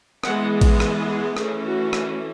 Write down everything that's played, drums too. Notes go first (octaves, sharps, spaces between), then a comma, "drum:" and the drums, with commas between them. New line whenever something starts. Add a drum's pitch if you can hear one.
E3 G#3 B3 F#5, drum: rim click
drum: kick A1, cymbal
drum: rim click
G#4
E3 A3 C#4 G#4, drum: rim click
F#4
drum: rim click